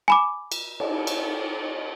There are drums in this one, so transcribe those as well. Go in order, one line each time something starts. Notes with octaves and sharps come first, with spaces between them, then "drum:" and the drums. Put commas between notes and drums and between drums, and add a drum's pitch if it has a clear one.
G#5 B5 D6
drum: cymbal
drum: cymbal
drum: cymbal